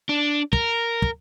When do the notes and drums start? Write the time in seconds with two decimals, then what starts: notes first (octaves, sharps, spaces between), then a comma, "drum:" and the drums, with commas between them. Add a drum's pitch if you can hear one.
0.09 D4
0.53 A#4, drum: kick
1.02 drum: kick